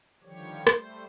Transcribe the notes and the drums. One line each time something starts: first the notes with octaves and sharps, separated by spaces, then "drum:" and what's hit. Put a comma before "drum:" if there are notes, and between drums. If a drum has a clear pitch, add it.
D3 D#3 F3 G3 G4 C#5
G3 A3 C5, drum: rim click